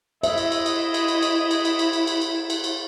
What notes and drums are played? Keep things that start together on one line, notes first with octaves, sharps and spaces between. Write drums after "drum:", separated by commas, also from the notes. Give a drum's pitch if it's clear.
E4 D#5 E5, drum: cymbal
drum: cymbal
drum: cymbal
drum: cymbal
drum: cymbal
drum: cymbal
drum: cymbal
drum: cymbal
drum: cymbal
drum: cymbal
drum: cymbal
drum: cymbal
drum: cymbal
drum: cymbal
drum: cymbal